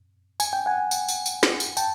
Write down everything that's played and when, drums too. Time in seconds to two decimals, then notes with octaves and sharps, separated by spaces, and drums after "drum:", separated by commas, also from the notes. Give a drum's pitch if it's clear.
0.40 G#5, drum: tambourine
0.53 G5
0.66 F#5 G#5
0.91 drum: tambourine
1.08 drum: tambourine
1.26 drum: tambourine
1.43 drum: snare
1.60 drum: tambourine
1.77 G5 A5, drum: tambourine